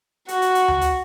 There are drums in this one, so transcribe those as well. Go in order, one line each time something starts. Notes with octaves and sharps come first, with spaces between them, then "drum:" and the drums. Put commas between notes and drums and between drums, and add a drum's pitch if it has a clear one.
F#4, drum: hi-hat
drum: hi-hat
drum: hi-hat
drum: tom D2
drum: hi-hat